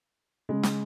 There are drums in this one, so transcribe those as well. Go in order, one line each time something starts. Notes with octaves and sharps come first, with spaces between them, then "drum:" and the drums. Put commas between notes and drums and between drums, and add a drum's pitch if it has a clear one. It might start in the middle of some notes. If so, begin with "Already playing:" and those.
C#3 G#3
drum: snare